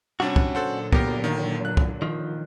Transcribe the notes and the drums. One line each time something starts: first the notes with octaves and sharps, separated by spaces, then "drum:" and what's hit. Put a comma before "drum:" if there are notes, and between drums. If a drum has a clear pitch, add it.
C3 G3 C#4 D4 F#4
drum: kick
A#2 D3 F#3 A4 C5 F#5
A#3 B3 G4 A#4, drum: kick
D#3
F#6
drum: kick
D#3 F3